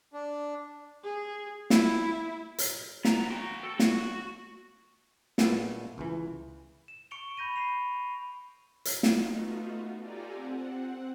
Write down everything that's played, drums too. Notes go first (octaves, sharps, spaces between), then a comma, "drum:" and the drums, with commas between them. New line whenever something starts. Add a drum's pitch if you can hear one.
D4
G#4
E4, drum: snare
drum: hi-hat
B3 A#5, drum: snare
F#4 G5
A4
F#4, drum: snare
A#2 G#3 A3 B3 A4, drum: snare
C#2 E3
E7
C#6 C#7 D7 F7 G7
B5 G6 A#6 D#7
B5 C7 F7
drum: hi-hat
A3 B3 D#4 F4 F#4, drum: snare
F4 G4 A4 D5 G#5 A#5
C4 F#5